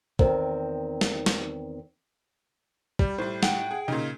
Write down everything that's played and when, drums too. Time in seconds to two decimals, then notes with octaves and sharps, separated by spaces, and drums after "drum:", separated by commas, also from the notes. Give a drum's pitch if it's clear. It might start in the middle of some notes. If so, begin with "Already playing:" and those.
0.19 E2 D#3 C4 A#4, drum: kick
1.01 drum: snare
1.26 drum: snare
2.99 G3, drum: kick
3.18 A2 G3 C5
3.43 F#5 G5, drum: snare
3.71 G#4
3.88 A#2 C#3 D#4